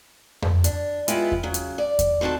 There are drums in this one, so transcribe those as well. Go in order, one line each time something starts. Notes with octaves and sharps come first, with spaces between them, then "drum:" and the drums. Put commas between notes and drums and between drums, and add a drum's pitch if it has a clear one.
drum: tom F2
D4, drum: hi-hat
G#3 B3 E4 F4 G4, drum: hi-hat
drum: kick E2
C#3 F#3
drum: hi-hat
D5
drum: kick E2, hi-hat
D#3 C4 F#4 A4 A5